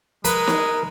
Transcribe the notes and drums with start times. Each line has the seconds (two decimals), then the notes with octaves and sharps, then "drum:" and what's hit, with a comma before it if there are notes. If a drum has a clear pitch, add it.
0.25 G#3 A#4 B4, drum: hi-hat
0.47 drum: snare